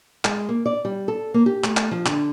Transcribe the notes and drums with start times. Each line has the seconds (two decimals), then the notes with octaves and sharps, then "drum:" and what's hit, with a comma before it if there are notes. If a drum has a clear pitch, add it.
0.25 G#3, drum: clap
0.49 A#3
0.66 D5
0.85 G3
1.08 A4
1.34 A#3
1.46 G4
1.64 A3, drum: clap
1.77 drum: clap
1.91 F3
2.06 D3, drum: clap